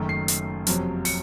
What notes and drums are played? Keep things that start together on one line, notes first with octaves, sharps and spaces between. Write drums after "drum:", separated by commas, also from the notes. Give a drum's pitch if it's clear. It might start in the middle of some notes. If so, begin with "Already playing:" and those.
Already playing: F#1 F#2 D#3 A3
C7
drum: hi-hat
F#1 F2 C3 F#3, drum: hi-hat
C#7, drum: open hi-hat